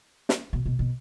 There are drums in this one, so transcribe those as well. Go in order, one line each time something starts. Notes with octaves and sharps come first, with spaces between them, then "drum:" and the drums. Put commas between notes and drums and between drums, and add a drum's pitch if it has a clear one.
drum: snare
B2
B2
B2